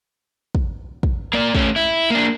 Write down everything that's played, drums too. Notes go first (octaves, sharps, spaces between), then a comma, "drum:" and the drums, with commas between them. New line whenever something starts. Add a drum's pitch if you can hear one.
drum: kick
drum: kick
A#3 D5
A3 C#4, drum: kick
E4
A#3 D4